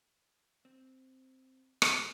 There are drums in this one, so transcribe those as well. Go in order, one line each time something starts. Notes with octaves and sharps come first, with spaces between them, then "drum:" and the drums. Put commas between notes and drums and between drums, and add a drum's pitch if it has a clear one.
C4
drum: rim click